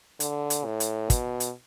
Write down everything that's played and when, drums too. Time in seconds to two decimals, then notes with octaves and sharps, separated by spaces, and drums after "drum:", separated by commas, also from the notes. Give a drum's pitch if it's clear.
0.20 D3, drum: hi-hat
0.50 drum: hi-hat
0.65 A2
0.80 drum: hi-hat
1.10 B2, drum: kick, hi-hat
1.40 drum: hi-hat